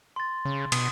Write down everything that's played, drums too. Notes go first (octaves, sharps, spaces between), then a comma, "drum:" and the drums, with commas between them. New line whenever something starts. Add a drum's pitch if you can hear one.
C6 A6
C#3
B2 D#6, drum: cymbal